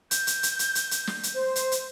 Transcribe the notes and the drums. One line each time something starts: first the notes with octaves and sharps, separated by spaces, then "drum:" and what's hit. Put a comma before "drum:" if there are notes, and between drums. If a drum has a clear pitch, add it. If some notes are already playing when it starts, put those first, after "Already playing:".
G6, drum: hi-hat
drum: hi-hat
drum: hi-hat
drum: hi-hat
drum: hi-hat
drum: hi-hat
drum: snare
drum: hi-hat
C5
drum: hi-hat
drum: hi-hat